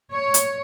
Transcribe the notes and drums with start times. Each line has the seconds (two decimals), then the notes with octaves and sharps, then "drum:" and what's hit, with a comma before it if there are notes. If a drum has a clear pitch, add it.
0.13 C#5
0.34 drum: hi-hat